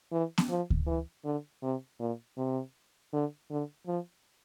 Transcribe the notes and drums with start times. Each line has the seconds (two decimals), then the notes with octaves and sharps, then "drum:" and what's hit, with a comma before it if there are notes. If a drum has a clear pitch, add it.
0.12 E3
0.38 drum: snare B3
0.50 F3
0.70 drum: kick D2
0.87 E3
1.25 D3
1.63 C3
2.00 A#2
2.37 C3
3.13 D3
3.51 D3
3.87 F3